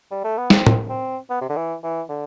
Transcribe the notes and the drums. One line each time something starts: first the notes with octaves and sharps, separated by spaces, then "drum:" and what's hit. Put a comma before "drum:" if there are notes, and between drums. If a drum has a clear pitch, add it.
G3
A3
B3
C4, drum: snare
drum: tom A2
C4
B3
C3
D3
E3
E3
D3